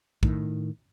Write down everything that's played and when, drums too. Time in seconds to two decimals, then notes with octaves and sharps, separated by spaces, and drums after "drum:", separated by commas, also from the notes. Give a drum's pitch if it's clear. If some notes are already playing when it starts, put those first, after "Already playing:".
0.23 A2 D#3, drum: kick